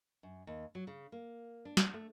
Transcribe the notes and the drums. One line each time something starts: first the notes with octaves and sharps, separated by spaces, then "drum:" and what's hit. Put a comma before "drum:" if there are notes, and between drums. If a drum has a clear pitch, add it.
F#2
D#2
F#3
C#3
A#3
D4
drum: snare
A3